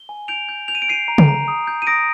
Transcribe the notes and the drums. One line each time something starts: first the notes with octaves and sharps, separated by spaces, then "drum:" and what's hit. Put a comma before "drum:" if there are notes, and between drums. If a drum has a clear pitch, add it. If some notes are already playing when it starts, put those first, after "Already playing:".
Already playing: G7
G#5
G6 D7 F7
G6
G6 F7
D#7
D7
G6 C7 D#7
A#5
drum: tom C#3
A#5
D#6
G6
D#7
D#6 A#6 D7